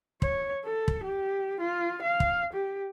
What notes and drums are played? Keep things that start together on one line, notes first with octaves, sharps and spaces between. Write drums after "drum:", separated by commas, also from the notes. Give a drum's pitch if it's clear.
C#5, drum: kick
A4
drum: kick
G4
F4
F5
drum: kick
G4